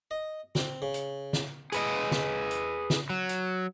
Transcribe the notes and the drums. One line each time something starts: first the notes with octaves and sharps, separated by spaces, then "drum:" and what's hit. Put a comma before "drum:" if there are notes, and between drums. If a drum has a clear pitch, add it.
D#5
C4, drum: snare
C#3
drum: hi-hat
drum: snare
G#4 B4 D#5, drum: hi-hat
drum: snare
drum: hi-hat
drum: snare
F#3
drum: hi-hat